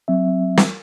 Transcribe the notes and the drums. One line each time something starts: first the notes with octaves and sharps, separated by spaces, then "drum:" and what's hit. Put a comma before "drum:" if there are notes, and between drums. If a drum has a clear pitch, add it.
F#3 C4 E5
drum: snare